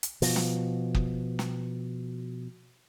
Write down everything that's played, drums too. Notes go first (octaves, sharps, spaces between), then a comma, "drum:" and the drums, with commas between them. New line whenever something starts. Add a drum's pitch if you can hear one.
drum: hi-hat
B2 F3, drum: open hi-hat
drum: snare
drum: kick
drum: snare